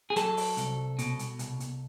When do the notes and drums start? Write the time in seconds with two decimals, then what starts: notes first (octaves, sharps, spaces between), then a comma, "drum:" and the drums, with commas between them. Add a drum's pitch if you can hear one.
0.10 G#4
0.16 F#3 A4, drum: hi-hat
0.37 drum: open hi-hat
0.57 C2, drum: hi-hat
0.99 B2, drum: hi-hat
1.19 drum: hi-hat
1.39 C2, drum: hi-hat
1.60 drum: hi-hat